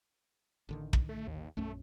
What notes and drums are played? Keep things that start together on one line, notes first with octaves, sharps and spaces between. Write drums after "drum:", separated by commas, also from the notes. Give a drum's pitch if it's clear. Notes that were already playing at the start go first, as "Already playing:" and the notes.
A1 D3 D#3
drum: kick
A3
D#2
A#1 F#2 A3 C#4